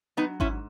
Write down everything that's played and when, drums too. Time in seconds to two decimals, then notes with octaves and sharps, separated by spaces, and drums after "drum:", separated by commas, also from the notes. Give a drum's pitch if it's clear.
0.17 F#3 B3 D#4
0.40 G#2 C#4 E4, drum: kick G#1